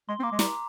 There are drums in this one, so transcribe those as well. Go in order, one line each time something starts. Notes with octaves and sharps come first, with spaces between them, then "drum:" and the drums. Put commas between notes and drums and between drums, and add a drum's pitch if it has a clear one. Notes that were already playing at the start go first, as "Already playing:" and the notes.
G#3 C6
C4
A#3 D6
G#3
G3 A#5, drum: snare